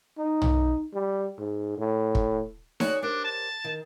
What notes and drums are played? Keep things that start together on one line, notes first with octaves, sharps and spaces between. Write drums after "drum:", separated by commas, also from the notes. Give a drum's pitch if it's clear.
D#4
drum: tom
G3
G#2
A2
drum: kick
F#4 G#4 C#5 D5, drum: snare D#4
D4 G4 A#4 C5
A5
D#3